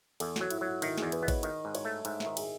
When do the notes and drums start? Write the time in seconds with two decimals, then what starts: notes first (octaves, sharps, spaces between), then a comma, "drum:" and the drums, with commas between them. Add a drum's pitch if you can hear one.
0.20 E2 A4, drum: cymbal
0.36 F#3 F#4, drum: snare
0.50 E4, drum: cymbal
0.61 F#3 F#4
0.82 D#3 E4, drum: cymbal
0.98 E2 G#4, drum: snare
1.12 B4, drum: cymbal
1.23 B3 D#5
1.28 C#5, drum: kick A1, cymbal
1.43 D#3 D#5, drum: cymbal
1.65 G#2
1.75 C#5, drum: cymbal
1.85 A3
2.05 G#2 E5, drum: cymbal
2.20 E5, drum: snare
2.26 D#3
2.37 G#4, drum: cymbal